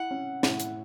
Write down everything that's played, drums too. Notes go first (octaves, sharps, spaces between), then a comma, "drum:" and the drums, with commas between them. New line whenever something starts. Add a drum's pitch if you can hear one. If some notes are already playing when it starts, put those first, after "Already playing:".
Already playing: E4 F#5
C#4
A2, drum: snare
drum: hi-hat